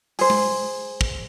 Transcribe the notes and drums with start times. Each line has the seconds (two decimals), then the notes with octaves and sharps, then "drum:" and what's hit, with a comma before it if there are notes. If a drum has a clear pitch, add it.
0.19 G#4 C5, drum: open hi-hat
0.30 drum: tom G#3
1.01 drum: kick